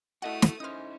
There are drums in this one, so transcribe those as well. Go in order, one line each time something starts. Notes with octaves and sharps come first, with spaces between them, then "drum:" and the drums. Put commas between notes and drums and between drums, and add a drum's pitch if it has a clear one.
A3 E4 F#4 A4 D#5 F#5 D#6
drum: snare
C#4 D#4 E4 C5 D#6 F6